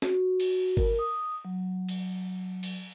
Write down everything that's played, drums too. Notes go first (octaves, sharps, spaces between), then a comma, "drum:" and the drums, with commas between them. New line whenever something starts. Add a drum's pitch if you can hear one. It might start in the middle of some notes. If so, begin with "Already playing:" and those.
F#4, drum: snare
drum: cymbal
A#4, drum: kick G#1
D#6
F#3
drum: cymbal
drum: cymbal